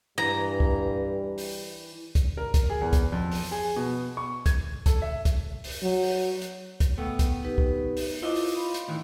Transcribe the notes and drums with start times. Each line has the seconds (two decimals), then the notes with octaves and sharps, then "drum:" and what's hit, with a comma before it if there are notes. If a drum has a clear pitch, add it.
0.18 G2 E3 G3 A#5
0.60 drum: kick
1.38 drum: open hi-hat
2.15 drum: kick, hi-hat
2.37 A#4
2.54 drum: kick, hi-hat
2.70 G#4
2.81 E2
2.93 drum: kick, hi-hat
3.12 F2
3.32 drum: open hi-hat
3.51 G#4
3.76 B2
4.17 C#6
4.46 G#6, drum: kick, hi-hat
4.86 A4, drum: kick, hi-hat
5.02 E5
5.25 drum: kick, hi-hat
5.64 drum: open hi-hat
5.82 F#3
6.03 drum: open hi-hat
6.42 drum: hi-hat
6.80 drum: kick, hi-hat
6.98 A3 B3 G5
7.19 drum: kick, hi-hat
7.43 D#4 G4 B4
7.58 drum: kick
7.97 drum: open hi-hat
8.23 E4 F4 C5 D#5 D6
8.35 drum: open hi-hat
8.55 F5 B5 C6
8.74 drum: hi-hat
8.88 A2 D#3 E3